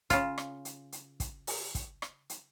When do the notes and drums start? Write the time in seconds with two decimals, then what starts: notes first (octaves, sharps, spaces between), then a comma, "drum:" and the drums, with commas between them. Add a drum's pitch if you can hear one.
0.10 C#3 F4, drum: kick, hi-hat
0.38 drum: rim click
0.65 drum: hi-hat
0.92 drum: hi-hat
1.20 drum: kick, hi-hat
1.47 drum: open hi-hat
1.75 drum: kick, hi-hat
2.02 drum: rim click
2.30 drum: hi-hat